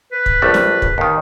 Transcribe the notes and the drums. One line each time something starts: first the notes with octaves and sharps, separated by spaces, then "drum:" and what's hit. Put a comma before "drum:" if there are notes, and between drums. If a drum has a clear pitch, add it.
B4
drum: kick
A#1 G3 A3
drum: snare
drum: kick
D#2 D#3